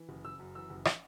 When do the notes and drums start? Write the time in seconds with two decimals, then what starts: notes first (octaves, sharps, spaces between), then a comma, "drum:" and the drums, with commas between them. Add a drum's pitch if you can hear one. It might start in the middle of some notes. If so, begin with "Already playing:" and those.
Already playing: E3
0.09 F#1
0.25 F#1 E6
0.39 F#2
0.55 E3 E6
0.70 F#1
0.85 drum: rim click